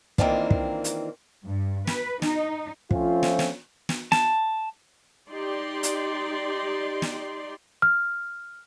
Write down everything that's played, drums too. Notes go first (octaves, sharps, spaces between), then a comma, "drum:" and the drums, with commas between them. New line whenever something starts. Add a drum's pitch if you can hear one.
D#3 E3 A#3 C4 D4 F4, drum: kick
drum: kick
drum: hi-hat
G2
B4, drum: snare
D#4, drum: snare
F3 A3 C4 C#4 F4, drum: kick
drum: snare
drum: snare
drum: snare
A5, drum: snare
D#4 G4 D5 C6
drum: hi-hat
drum: snare
F6